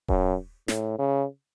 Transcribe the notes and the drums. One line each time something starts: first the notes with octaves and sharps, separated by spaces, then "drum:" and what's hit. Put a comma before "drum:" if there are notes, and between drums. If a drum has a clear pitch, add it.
F#2, drum: kick D#1
A2, drum: snare
C#3